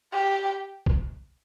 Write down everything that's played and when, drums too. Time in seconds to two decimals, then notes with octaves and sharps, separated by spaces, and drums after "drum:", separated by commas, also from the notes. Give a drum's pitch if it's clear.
0.12 G4
0.86 drum: kick B1